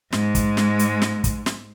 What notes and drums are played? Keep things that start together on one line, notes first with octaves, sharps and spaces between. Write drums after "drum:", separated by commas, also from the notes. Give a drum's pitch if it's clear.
G#2 G#3, drum: snare
drum: kick, hi-hat
drum: snare
drum: hi-hat
drum: snare
drum: kick, hi-hat
drum: snare